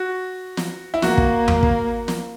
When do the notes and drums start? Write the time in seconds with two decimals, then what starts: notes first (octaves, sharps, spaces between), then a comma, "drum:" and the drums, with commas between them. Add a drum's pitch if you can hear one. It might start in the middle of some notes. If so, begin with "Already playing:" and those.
Already playing: F#4
0.57 drum: snare
0.94 E4
1.02 A#3 F#4, drum: snare
1.18 drum: kick
1.48 drum: tom E2
1.63 drum: kick
2.08 drum: snare